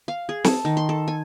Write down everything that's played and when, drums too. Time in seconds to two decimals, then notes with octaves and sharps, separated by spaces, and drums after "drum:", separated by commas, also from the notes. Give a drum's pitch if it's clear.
0.08 F5
0.29 G#4
0.44 A4, drum: snare
0.65 D#3
0.77 C6
0.89 A4
1.08 G#5